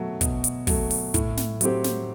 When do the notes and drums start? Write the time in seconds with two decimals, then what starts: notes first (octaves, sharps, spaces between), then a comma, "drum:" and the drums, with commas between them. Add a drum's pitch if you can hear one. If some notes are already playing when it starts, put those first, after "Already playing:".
Already playing: B2 F#3 A3
0.21 B2, drum: kick, hi-hat
0.44 drum: hi-hat
0.67 F#3 A3, drum: kick, open hi-hat
0.91 drum: open hi-hat
1.14 A2, drum: kick, hi-hat
1.37 drum: snare
1.61 F#3 C4 G4, drum: hi-hat
1.84 drum: snare